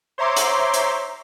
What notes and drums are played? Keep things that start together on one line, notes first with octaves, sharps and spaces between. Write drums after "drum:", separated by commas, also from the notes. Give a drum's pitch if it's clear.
C5 C#5 E5 A#5 C6 D6
drum: hi-hat
drum: hi-hat